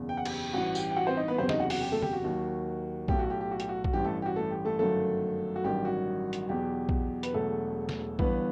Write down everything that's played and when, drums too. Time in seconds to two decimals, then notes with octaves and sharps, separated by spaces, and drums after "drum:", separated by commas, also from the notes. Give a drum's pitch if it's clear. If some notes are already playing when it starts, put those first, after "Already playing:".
Already playing: F#1 E2 B2
0.09 G5
0.17 F#5
0.25 G4 G5, drum: cymbal
0.53 A1 G2 E3 F#4 F#5
0.75 G4 G5, drum: tambourine
0.91 G5
0.96 F#4 F#5
1.07 C4 C5
1.17 D#4 D#5
1.28 B3 B4
1.38 F#1 E2 C3 F#3 C4 C5
1.49 D#4 D#5, drum: snare
1.60 F#4 F#5
1.70 F#4 F#5, drum: open hi-hat
1.81 G4
1.92 A3 A4
2.02 G4, drum: tom
2.13 F#4
2.24 D#2 D#3 F#3
3.08 B1 A2 F#3 G4, drum: kick A#1
3.19 F#4
3.30 G4
3.41 G4
3.51 F#4
3.60 G4, drum: hi-hat
3.69 F#4
3.84 F#4, drum: kick A#1
3.93 A1 G2 E3 G4
4.05 A3 A4
4.22 G4
4.26 F#4
4.36 A3 A4
4.51 G4
4.65 A3 A4
4.79 G1 F#2 D#3 F#3 A3 A4
5.56 F#4
5.64 A1 G2 D#3 F#3 G4
5.85 F#4
6.33 drum: hi-hat
6.49 E2 B2 F#3 G4
6.89 drum: kick A#1
7.23 B4, drum: hi-hat
7.34 E1 E2 B2 F#3 A3 A4
7.89 drum: snare
8.19 G1 G2 E3 B3 B4, drum: kick A#1